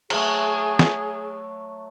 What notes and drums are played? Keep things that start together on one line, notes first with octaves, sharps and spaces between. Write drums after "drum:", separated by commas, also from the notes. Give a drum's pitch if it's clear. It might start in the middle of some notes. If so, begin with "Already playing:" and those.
F#3 A3 G#4, drum: cymbal
drum: snare